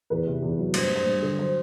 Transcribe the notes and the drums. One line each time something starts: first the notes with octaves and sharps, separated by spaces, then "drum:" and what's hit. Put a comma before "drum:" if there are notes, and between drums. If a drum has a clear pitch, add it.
E2 B4
C3
E2
F#3
G2 C5, drum: cymbal
G2
C5
G2
D3
F#3 C5